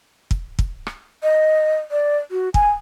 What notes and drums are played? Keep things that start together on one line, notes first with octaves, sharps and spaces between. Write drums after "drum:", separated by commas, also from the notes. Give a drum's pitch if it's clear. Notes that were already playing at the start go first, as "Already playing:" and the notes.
drum: kick
drum: kick
drum: rim click
D#5
D5
F#4
G#5, drum: kick